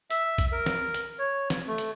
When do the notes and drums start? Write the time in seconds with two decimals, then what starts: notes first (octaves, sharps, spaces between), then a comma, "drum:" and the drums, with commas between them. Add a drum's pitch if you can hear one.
0.10 E5, drum: hi-hat
0.38 drum: kick, hi-hat
0.52 A#4
0.66 drum: snare
0.94 drum: hi-hat
1.19 C#5
1.50 drum: snare
1.67 A3
1.78 drum: hi-hat